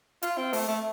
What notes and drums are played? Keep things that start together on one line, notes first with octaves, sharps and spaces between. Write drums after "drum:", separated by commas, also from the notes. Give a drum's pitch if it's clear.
F4, drum: hi-hat
C4
A3, drum: open hi-hat
A3